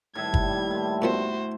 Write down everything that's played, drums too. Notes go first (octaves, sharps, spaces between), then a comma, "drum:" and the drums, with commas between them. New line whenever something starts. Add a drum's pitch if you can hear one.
D#2 A2 G3 E5 G#6
drum: kick
A2 C6
A#2 F3 B3 F#4 C5